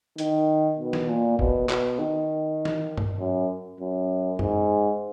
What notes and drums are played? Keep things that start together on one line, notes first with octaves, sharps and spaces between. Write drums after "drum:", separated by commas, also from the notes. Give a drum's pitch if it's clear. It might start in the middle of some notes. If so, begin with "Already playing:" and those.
D#3, drum: hi-hat
B2
drum: snare
A#2
B2, drum: kick
B2, drum: clap
D#3
drum: snare
drum: tom G2
F#2
F#2
G#2, drum: tom F#2